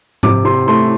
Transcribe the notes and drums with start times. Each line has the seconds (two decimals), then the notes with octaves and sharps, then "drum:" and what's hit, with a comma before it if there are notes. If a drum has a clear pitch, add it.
0.23 C3 D6, drum: tom G#2
0.45 C3 C6
0.68 A3 C6